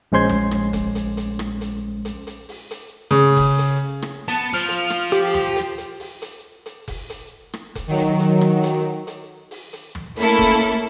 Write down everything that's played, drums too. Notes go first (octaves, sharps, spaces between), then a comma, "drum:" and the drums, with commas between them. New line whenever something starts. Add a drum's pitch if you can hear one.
A#1 G#3 C#4 C5 C6 G#6
drum: tom
drum: rim click
drum: kick F1, hi-hat
drum: hi-hat
drum: hi-hat
drum: rim click
drum: hi-hat
drum: hi-hat
drum: hi-hat
drum: open hi-hat
drum: hi-hat
C#3
drum: kick F1, open hi-hat
drum: hi-hat
drum: rim click
B3 A5
F3 F6
drum: hi-hat
drum: rim click
G4, drum: hi-hat
drum: tom
drum: hi-hat
drum: hi-hat
drum: open hi-hat
drum: hi-hat
drum: hi-hat
drum: kick F1, open hi-hat
drum: hi-hat
drum: rim click
drum: kick F1, hi-hat
D#3 F#3
drum: hi-hat
drum: hi-hat
drum: rim click
drum: hi-hat
drum: hi-hat
drum: open hi-hat
drum: hi-hat
drum: tom
A3 A#3 C#4 E4 A4, drum: hi-hat
drum: kick F1